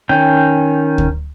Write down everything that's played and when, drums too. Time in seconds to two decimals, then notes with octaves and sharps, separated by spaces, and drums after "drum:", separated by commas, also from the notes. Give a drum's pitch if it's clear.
0.09 D#3 C#4 G5
0.98 drum: kick